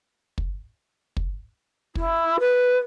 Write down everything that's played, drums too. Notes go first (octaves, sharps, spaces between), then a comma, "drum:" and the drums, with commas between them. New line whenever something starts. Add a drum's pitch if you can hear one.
drum: kick
drum: kick
E4, drum: kick
B4